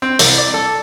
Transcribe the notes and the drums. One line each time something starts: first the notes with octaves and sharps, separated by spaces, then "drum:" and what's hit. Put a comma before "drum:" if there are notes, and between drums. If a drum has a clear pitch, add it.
C4
C2, drum: open hi-hat
D5
A4